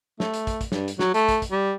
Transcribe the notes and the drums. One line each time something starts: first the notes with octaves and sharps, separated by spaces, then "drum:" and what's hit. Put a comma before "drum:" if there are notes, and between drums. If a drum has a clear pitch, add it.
A3, drum: snare
drum: hi-hat
drum: kick, hi-hat
drum: kick, hi-hat
G2, drum: snare
drum: hi-hat
F#3, drum: snare
A3, drum: hi-hat
drum: kick, hi-hat
drum: kick, hi-hat
G3